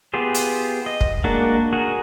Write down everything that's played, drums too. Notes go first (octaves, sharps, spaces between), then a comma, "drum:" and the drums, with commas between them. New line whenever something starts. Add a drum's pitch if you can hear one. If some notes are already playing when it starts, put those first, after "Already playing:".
B3 F4 G4 G#4 C5
drum: hi-hat
D#5
drum: kick
G#3 A#3 D4 F#4
F#4 G#4 A#4